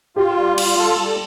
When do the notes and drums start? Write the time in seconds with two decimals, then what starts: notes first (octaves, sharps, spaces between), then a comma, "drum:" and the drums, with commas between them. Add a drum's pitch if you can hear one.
0.16 F4 G4
0.38 G3
0.58 F4, drum: cymbal
0.79 A4
0.99 G3